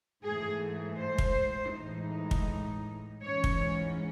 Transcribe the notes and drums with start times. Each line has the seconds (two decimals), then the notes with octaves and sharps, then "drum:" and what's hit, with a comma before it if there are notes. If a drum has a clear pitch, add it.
0.25 G#2 E3 A3 G#4
0.99 C5
1.18 drum: kick
1.75 A2 E3 G#3 D#4
2.31 drum: kick
3.25 G#2 E3 G#3 C#4 C#5
3.44 drum: kick